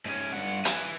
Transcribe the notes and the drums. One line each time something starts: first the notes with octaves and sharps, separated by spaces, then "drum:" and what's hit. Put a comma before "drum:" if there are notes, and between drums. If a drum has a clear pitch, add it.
G#2 C#4
G2 F#5
B4 G#5, drum: hi-hat